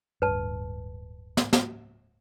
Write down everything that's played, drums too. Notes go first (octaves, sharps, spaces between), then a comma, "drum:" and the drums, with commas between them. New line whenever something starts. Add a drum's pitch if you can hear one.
D1 G2 B4 A5
drum: snare
drum: snare